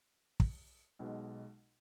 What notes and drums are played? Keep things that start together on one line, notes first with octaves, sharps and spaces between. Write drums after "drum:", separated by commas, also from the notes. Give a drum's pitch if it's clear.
drum: kick
B1 B2 G#3